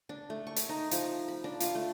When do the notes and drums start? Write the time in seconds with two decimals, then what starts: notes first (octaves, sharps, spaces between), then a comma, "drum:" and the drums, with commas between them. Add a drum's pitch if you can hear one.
0.09 D4
0.30 A3
0.47 C#6
0.56 drum: hi-hat
0.69 D#4
0.91 F3, drum: hi-hat
1.28 B5
1.44 D4
1.60 F4, drum: hi-hat
1.75 A3